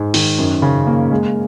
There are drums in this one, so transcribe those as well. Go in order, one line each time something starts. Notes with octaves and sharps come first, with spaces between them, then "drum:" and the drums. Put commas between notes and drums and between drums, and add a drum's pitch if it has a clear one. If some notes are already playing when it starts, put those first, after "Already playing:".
Already playing: G#2 G#3
D#3, drum: open hi-hat
F#2
C#3
A#3
G#3